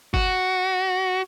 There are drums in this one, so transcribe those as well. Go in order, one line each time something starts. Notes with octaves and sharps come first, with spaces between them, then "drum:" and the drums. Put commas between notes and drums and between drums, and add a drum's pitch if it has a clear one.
F#4, drum: kick F#1